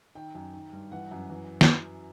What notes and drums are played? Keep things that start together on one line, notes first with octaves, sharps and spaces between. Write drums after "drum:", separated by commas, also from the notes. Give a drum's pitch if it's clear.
D#3 G5
F#2
D#3
G2
E3 F#5
F#2
E3
drum: snare